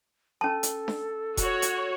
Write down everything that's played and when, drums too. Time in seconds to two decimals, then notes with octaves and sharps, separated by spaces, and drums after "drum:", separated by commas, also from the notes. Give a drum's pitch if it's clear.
0.41 C#4 A4 A5
0.63 drum: hi-hat
0.88 drum: snare D4
1.37 F#4 C#5, drum: kick E1, hi-hat
1.62 drum: hi-hat